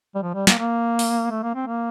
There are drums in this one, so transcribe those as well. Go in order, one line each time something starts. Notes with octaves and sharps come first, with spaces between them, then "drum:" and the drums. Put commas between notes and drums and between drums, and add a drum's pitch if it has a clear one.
G3
F3
G3
A#3, drum: snare
A#3
drum: open hi-hat
A3
A#3
C4
A#3